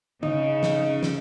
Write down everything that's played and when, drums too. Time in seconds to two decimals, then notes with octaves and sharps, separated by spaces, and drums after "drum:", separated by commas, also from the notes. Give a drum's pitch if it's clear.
0.23 C#3 D#4, drum: tom
0.63 drum: snare
1.03 drum: snare